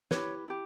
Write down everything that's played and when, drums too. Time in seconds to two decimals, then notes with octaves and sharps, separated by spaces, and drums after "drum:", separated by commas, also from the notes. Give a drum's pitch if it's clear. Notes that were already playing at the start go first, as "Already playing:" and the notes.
0.11 E4 G4 B4 C#5, drum: snare
0.48 E4 G4